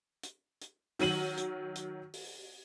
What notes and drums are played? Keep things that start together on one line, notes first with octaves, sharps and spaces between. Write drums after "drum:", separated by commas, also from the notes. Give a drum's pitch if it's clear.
drum: hi-hat
drum: hi-hat
D#3 F#3 D#7 F#7, drum: open hi-hat
drum: hi-hat
drum: hi-hat
drum: open hi-hat